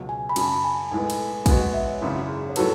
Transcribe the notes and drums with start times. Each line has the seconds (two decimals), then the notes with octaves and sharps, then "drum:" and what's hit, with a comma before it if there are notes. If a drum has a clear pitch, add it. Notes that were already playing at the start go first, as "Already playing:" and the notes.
Already playing: C#2 B2 F#3
0.09 G#5
0.29 B5
0.36 F#2 C#3 F#3 C#4 A5, drum: cymbal
0.64 G#5
0.91 B1 A2 G#3 B3 G#5
1.10 drum: cymbal
1.46 G#2 G#3 B3 F#4 G#5, drum: kick, cymbal
1.61 F#5
1.73 E5
1.88 C#5
2.01 G#1 F#2 C#3 E4
2.16 F#4
2.29 G#4
2.43 G#4
2.49 C#5
2.56 A2 F#3 B3 F#4 A4 B4, drum: cymbal